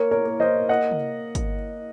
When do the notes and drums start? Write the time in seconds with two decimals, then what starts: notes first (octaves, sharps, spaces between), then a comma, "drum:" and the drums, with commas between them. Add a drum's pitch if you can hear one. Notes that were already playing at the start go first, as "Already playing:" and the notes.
Already playing: A#3 A#4 C#5
0.11 A#4 C#5
0.25 A#3
0.40 C5 D#5
0.69 A#3 D#5 F#5
0.91 drum: tom
1.35 drum: kick, hi-hat